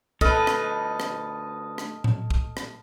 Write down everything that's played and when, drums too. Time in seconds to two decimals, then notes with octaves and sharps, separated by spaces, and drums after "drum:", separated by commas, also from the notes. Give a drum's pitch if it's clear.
0.21 D2 A4 B4 D#5 A5 F6, drum: kick
0.47 drum: rim click
1.00 drum: rim click
1.78 drum: rim click
2.04 drum: tom A2
2.30 drum: kick
2.57 drum: rim click